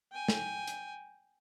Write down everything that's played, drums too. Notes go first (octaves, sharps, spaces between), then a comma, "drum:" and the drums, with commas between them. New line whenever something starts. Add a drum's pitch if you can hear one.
G5 G#5
drum: snare
drum: hi-hat